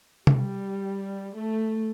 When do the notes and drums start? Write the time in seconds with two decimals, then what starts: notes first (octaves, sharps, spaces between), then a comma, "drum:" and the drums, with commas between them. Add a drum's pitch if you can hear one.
0.27 G3, drum: tom C3
1.34 A3